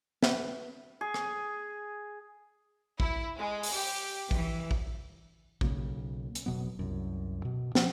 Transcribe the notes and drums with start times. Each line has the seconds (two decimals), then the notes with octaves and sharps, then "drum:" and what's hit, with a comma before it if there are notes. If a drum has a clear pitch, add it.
0.23 B4 E5, drum: snare
1.01 G#4
1.14 drum: rim click
3.00 E4, drum: kick
3.39 G#3
3.63 drum: open hi-hat
3.72 G4
4.31 E3, drum: kick
4.71 drum: kick
5.61 B1 C#3 A#3, drum: kick
6.35 drum: hi-hat
6.46 F1 B2 F#3 B3
6.79 C2 F#2
7.45 B2
7.75 F3 B3 C#4, drum: snare